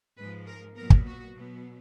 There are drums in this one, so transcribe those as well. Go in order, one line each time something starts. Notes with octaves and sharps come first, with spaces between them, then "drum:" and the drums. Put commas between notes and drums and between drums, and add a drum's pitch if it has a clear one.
G#2 F3 G#3 B4
A#4
A#2 F#3 B3 A#4
drum: kick
F#4
B2 F#3 B3